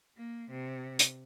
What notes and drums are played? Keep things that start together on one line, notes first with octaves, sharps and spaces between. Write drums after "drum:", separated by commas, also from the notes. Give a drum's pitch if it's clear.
A#3
C3
drum: hi-hat